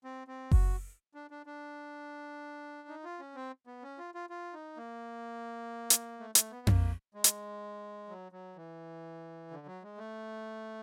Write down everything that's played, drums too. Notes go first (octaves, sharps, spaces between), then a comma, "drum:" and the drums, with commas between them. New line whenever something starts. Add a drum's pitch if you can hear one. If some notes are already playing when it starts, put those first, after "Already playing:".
C4
C4
F#4, drum: kick F#1
D4
D4
D4
D#4
F4
C#4
C4
B3
C#4
F4
F4
F4
D#4
A#3
drum: hi-hat
A3
A3, drum: hi-hat
B3
A#3, drum: tom F2
G#3
drum: hi-hat
F#3
F#3
E3
D3
F#3
G#3
A3